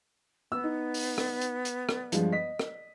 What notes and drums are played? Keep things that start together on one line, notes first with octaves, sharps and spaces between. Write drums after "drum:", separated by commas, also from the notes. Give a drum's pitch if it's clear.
B3 E6
D#4
drum: open hi-hat
drum: rim click
drum: hi-hat
drum: hi-hat
drum: rim click
G2 F3 G#3, drum: hi-hat
D#5 B6
drum: rim click